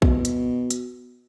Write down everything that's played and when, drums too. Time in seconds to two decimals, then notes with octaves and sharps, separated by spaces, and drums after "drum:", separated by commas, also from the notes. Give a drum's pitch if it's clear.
0.02 B2, drum: kick A#1
0.25 drum: hi-hat
0.70 drum: hi-hat